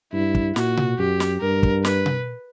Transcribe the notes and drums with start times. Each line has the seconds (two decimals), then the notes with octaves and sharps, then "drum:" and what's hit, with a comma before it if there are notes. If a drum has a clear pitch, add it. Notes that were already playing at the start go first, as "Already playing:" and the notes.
0.13 G2 E4
0.35 drum: kick
0.56 A#2 F#4, drum: snare
0.77 drum: tom B2
0.99 F#2 G4
1.20 drum: snare
1.41 G2 A#4
1.63 drum: kick
1.85 B4, drum: snare
2.06 drum: tom B2